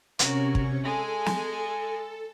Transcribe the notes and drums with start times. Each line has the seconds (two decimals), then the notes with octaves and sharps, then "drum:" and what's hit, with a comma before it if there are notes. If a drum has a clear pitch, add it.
0.19 C3 C#4 F#4 A#4 C#5, drum: hi-hat
0.55 drum: kick
0.84 G#3 G#4 A4
1.26 drum: snare